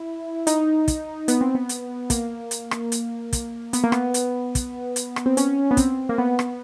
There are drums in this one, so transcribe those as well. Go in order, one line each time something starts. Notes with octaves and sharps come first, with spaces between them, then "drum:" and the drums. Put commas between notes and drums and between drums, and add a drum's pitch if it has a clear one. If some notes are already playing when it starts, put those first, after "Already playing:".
Already playing: E4
D#4, drum: hi-hat
drum: kick, hi-hat
B3, drum: hi-hat
C4
B3
drum: hi-hat
A#3, drum: kick, hi-hat
drum: hi-hat
drum: rim click
drum: hi-hat
drum: kick, hi-hat
B3, drum: hi-hat
A#3
B3, drum: rim click
drum: hi-hat
drum: kick, hi-hat
drum: hi-hat
drum: rim click
C4
C#4, drum: hi-hat
B3
C4, drum: kick, hi-hat
A#3
B3
drum: rim click